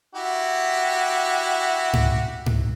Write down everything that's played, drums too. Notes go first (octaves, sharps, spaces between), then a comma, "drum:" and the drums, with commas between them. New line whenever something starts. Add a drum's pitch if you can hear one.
E4 F#4 G4
drum: tom G#2
drum: tom G#2